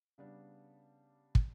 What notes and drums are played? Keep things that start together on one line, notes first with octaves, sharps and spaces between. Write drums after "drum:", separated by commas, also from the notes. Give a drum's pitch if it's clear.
C#3 G3 B3 D4
drum: kick